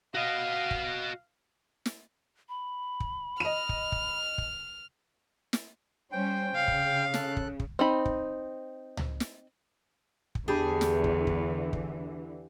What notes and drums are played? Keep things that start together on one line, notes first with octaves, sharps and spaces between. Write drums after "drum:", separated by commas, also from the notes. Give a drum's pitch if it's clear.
F#4 D#5 F5
drum: kick
drum: snare
B5
drum: kick
D#5 F6 D#7
drum: kick
drum: kick
drum: kick
drum: snare
G3 C#4 C5 G5
C#3 F5
drum: kick
A4 F#6, drum: snare
drum: kick
drum: kick
C4 D#4 B5
drum: kick
drum: tom C#2
drum: snare
drum: kick
E2 D3 E3 D4 G4 G#4 B5
drum: snare
drum: kick
drum: kick
drum: kick